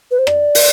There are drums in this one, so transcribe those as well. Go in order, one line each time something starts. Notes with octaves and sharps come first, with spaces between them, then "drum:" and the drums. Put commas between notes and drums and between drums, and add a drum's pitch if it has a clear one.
B4
C5
D5, drum: rim click
drum: open hi-hat